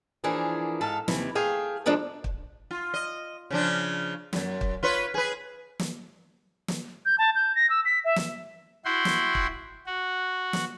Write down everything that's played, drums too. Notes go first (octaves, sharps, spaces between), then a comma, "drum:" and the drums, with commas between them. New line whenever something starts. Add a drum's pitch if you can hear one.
E3 F3 A#3 D4 G#4
G#2 A4 F5 A5
D#2 C3 E3, drum: snare
A3 G#4 F5 G5
D#3 F3 G#3 D4 A4
drum: kick
F4
D#5
C#3 F3 D4
F#2 A2, drum: snare
drum: kick
F4 B4 C#5
G#4 B4
drum: snare
drum: snare
G6
A5
G6
A#6
E6
B6
E5
drum: snare
E4 F#4 G5 C6
drum: snare
drum: kick
F#4
drum: snare